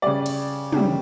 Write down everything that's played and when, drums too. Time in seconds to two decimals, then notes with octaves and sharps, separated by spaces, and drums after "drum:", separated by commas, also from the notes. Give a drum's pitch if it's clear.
0.02 C#3 G3 D5
0.26 drum: cymbal
0.72 C#3 G3, drum: tom